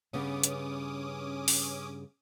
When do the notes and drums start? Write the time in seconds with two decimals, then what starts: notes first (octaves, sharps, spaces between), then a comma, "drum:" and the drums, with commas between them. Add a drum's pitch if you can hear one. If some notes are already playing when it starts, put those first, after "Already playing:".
0.13 G2 C#3 B3 C#4 D6 D#6
0.44 drum: hi-hat
1.48 drum: open hi-hat